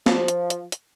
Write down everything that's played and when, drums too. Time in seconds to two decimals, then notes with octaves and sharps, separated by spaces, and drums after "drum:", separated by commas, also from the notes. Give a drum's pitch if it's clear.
0.06 F3, drum: snare
0.28 drum: hi-hat
0.50 drum: hi-hat
0.72 drum: hi-hat